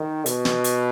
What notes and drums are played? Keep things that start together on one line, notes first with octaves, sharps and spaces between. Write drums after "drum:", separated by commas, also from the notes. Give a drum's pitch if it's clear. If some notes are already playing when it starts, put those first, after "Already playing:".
Already playing: D#3
B2, drum: hi-hat
drum: snare
drum: hi-hat